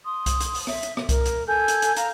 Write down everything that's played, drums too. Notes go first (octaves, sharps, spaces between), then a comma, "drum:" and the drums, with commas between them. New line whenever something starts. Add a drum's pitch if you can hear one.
C6 D#6
drum: kick C2, hi-hat
drum: hi-hat
drum: open hi-hat
E5, drum: rim click
drum: hi-hat
drum: rim click
A#4, drum: kick C2, hi-hat
drum: hi-hat
A4 G#5 G6
drum: hi-hat
drum: hi-hat
F5 A#5, drum: hi-hat